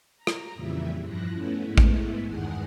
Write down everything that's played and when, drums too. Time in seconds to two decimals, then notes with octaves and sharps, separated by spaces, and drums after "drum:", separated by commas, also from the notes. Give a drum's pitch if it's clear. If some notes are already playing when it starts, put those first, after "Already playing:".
0.17 A#5
0.27 drum: rim click
0.54 F2 A#2 C#3 E3 G3 E5
1.02 G2 F3 E4 F#6 A#6
1.32 A3 B3 C#4 E4
1.64 G#2 G#3 A3 B3 E4
1.78 drum: kick A1
2.25 E2 G2 D#3 G#3 F#5 G#5